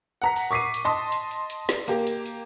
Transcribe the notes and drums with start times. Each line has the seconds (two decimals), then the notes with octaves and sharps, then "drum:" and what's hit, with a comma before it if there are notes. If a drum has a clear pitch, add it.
0.22 F#5 A#5 B6
0.36 drum: open hi-hat
0.51 C#6 D6 B6 C7 D#7
0.74 drum: hi-hat
0.85 D#5 A5 C6 D#6
1.12 drum: hi-hat
1.31 drum: hi-hat
1.50 drum: hi-hat
1.69 drum: snare
1.88 A#3 G4, drum: hi-hat
2.07 drum: hi-hat
2.26 drum: hi-hat